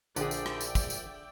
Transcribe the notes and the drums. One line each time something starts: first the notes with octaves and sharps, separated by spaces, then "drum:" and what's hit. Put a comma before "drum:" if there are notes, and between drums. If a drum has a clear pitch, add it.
A#1 D3 G#4 D5 E5 G5, drum: tambourine
drum: tambourine
drum: rim click
drum: tambourine
drum: kick, tambourine
drum: tambourine